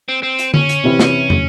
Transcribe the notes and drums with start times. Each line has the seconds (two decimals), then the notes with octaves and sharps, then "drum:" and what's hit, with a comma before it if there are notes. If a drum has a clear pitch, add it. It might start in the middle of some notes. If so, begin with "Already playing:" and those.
0.09 C4
0.23 C4
0.39 drum: hi-hat
0.54 C#4, drum: tom D3
0.69 drum: hi-hat
0.84 C3 E3 C4 E4
1.00 drum: snare
1.30 drum: tom